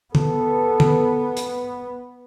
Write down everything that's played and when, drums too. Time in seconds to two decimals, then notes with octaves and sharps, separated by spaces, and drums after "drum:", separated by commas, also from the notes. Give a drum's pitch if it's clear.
0.15 B3 A4, drum: tom
0.80 drum: tom
1.37 drum: hi-hat